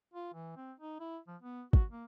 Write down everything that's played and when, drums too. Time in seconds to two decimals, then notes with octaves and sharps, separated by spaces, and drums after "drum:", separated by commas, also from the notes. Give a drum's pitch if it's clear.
0.14 F4
0.34 E3
0.57 C4
0.80 D#4
1.00 E4
1.27 F3
1.42 B3
1.73 F#4, drum: kick
1.91 A#3